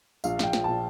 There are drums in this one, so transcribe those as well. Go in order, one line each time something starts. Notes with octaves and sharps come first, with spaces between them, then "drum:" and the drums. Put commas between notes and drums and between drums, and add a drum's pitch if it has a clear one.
A#1 F5, drum: tambourine
A#1 G5, drum: snare
F3, drum: snare
A#2 A5